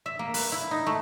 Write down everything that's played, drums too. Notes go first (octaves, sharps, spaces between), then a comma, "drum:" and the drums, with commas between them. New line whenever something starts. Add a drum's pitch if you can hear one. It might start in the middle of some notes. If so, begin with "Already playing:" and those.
E5
A#3
B4, drum: open hi-hat
E4
D#4
A3